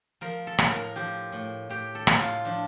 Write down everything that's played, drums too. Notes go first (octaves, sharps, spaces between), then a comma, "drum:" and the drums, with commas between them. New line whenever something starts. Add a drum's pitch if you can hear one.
F3 A#4
A4
A2, drum: rim click
A#4
F3 G4
A2
A2 G4
A4
A2, drum: rim click
F4
F3 D4